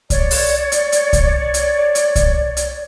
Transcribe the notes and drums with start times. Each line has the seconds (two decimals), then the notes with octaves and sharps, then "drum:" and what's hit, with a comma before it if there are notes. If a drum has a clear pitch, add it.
0.10 C#5 D5, drum: kick C2, hi-hat
0.31 drum: open hi-hat
0.72 drum: hi-hat
0.92 drum: hi-hat
1.13 drum: kick C2, hi-hat
1.54 drum: hi-hat
1.95 drum: hi-hat
2.16 drum: kick C2, hi-hat
2.57 drum: hi-hat